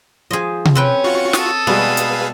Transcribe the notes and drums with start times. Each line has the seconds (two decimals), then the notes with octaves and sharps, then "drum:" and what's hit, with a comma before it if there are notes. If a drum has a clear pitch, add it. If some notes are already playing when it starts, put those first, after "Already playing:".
0.31 F3 F4 G#4 C5 D#5
0.65 drum: tom C3
0.75 C4 C#4 B4 C#5 F#5 G5
1.04 F4 F#4 C#6
1.33 A4 D#6, drum: snare
1.67 B2 G3 G#3 B3 G#4 B4 F5
1.97 drum: hi-hat